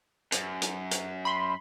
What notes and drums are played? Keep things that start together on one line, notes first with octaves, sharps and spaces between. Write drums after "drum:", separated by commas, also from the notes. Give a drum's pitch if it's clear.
F#2, drum: hi-hat
drum: hi-hat
drum: hi-hat
B5 C6